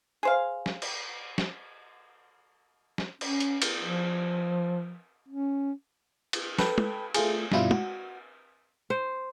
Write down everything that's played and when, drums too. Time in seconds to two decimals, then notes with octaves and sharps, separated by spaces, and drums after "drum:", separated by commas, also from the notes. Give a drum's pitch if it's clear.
0.23 G#4 C5 F5
0.66 drum: snare
0.82 drum: cymbal
1.38 drum: snare
2.98 drum: snare
3.21 C#4, drum: cymbal
3.40 drum: hi-hat
3.62 drum: cymbal
3.81 F3
5.29 C#4
6.33 drum: cymbal
6.59 A4 B4 G5, drum: snare
6.78 drum: tom
7.14 A3 F4 G#4, drum: cymbal
7.52 G2 B2 G3 E4 F4, drum: snare
7.71 F#4, drum: tom
8.90 C5